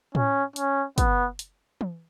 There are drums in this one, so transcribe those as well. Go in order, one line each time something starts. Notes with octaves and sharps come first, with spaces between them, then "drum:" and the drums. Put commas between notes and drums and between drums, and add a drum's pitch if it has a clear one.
C#4, drum: tom A2
C#4, drum: hi-hat
B3, drum: kick, hi-hat
drum: hi-hat
drum: tom E3